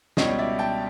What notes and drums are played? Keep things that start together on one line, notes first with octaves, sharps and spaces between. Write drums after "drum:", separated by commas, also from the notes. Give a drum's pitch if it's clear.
C#2 B2 G3 C#5 D#5, drum: snare
D5 E5
G5 A5